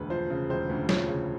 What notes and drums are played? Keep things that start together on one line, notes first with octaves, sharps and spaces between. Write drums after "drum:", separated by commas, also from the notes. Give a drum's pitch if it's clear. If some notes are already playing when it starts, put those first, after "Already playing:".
Already playing: E1 D2 B4
F3 C5
C#3
E1 C5
D2
F3 C#5, drum: snare
C#3